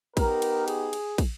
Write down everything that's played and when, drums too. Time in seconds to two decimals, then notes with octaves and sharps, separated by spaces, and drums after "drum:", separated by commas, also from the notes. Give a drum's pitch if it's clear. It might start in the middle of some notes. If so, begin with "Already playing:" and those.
0.17 B3 D#4 G4 A#4, drum: kick, cymbal
0.42 drum: cymbal
0.68 G#4, drum: cymbal
0.93 drum: cymbal
1.18 drum: kick, cymbal